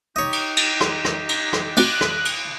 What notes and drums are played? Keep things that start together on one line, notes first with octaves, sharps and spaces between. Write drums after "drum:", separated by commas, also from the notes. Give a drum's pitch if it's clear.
D#4 G4 C#5 D#5
drum: cymbal
drum: cymbal
drum: rim click
drum: rim click
drum: cymbal
drum: rim click
A3 C4 F#4 D5 F#6, drum: cymbal
drum: rim click
drum: cymbal